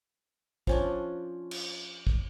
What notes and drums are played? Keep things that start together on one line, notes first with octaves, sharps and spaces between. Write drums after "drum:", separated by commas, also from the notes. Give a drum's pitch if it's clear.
F3 C#4 D4, drum: kick
drum: cymbal
drum: kick